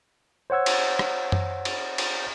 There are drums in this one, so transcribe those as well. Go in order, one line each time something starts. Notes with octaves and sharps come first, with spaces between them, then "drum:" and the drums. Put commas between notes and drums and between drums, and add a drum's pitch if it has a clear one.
C5 C#5 F#5 E6 G#6
drum: cymbal
drum: rim click
drum: tom F#2
drum: cymbal
drum: cymbal